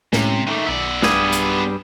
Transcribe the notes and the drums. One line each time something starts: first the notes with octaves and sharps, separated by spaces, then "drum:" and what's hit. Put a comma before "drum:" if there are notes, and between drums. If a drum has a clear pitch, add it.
A2 C3 G#3 C#4, drum: snare
D#3 A3 E5 C#6 D6
B1 B3 D5 E6
G2 G3 G#4, drum: snare
drum: hi-hat